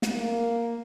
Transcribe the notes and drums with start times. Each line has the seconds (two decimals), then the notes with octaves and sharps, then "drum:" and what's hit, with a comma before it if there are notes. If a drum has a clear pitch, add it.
0.02 drum: snare
0.16 A#3